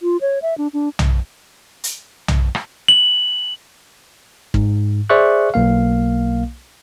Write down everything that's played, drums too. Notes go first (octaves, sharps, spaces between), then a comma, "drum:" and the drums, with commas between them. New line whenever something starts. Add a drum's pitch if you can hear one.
F4
C#5
E5
D4
D4
drum: tom B1
drum: hi-hat
drum: tom B1
drum: rim click
F#7
G#2, drum: kick
G#4 C5 D5 E5 C#6 F#6
B1 A#3 F5